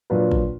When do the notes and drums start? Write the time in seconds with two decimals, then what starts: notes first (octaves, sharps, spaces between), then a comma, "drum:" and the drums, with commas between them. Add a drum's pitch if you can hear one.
0.10 A#2 F#3 D4 F4 B4
0.31 drum: kick